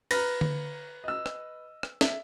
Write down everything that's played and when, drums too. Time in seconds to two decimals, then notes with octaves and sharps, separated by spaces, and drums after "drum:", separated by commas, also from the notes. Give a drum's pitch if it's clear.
0.11 B4 A#5 F6 A#6, drum: cymbal
0.41 drum: tom D3
1.04 D#5 E6
1.26 drum: rim click
1.83 drum: rim click
2.01 E5, drum: snare